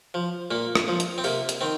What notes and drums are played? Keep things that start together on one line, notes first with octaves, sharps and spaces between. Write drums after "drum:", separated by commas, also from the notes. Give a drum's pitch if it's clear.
F3
A#2 A#3
drum: rim click
F3
drum: hi-hat
C4
C3 A#3, drum: open hi-hat
drum: hi-hat
D#3 C4